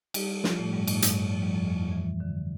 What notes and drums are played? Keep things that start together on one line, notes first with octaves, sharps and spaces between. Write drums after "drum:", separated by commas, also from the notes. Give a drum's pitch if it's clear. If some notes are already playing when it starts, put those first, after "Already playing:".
G3 G4, drum: cymbal
F3 F4, drum: snare
A2 A3
G2 G3
A2 A3, drum: cymbal
G2 G3, drum: hi-hat
F3
G3
F2 F3
E3
D3